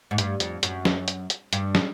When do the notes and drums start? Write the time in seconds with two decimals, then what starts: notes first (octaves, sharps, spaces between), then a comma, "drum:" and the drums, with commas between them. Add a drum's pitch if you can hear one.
0.11 G#2
0.18 G2, drum: hi-hat
0.40 F2, drum: hi-hat
0.63 F#2, drum: hi-hat
0.85 drum: snare
1.08 drum: hi-hat
1.30 drum: hi-hat
1.53 G2, drum: hi-hat
1.75 drum: snare